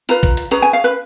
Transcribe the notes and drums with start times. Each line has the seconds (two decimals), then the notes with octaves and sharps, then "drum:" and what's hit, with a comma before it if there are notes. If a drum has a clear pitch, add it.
0.09 F4 B4 A#5, drum: hi-hat
0.23 drum: kick, hi-hat
0.37 drum: hi-hat
0.51 C#4 G#4 B4 A#5, drum: hi-hat
0.62 G#5
0.73 F5
0.84 B4